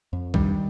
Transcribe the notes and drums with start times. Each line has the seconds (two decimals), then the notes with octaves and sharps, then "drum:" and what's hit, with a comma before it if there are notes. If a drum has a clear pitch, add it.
0.13 F2
0.34 G2 D#3 G3, drum: kick C2